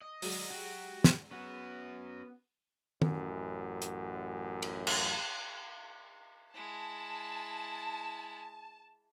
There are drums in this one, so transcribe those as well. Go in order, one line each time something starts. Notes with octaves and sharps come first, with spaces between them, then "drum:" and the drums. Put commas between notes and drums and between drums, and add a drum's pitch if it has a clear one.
D#5
F#3 G#3 F#4 D5, drum: open hi-hat
F#4 G4
drum: snare
B3 C#4 F#4
A1 F#2, drum: tom
drum: hi-hat
drum: cymbal
drum: cymbal
G#3 E4 A5